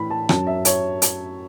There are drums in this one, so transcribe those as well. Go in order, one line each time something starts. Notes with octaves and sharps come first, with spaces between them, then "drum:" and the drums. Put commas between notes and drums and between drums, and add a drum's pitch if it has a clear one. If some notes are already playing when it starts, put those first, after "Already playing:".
Already playing: A2 E3 B5
A5
F#2 F#3 A5, drum: rim click
E5
C#5, drum: hi-hat
drum: hi-hat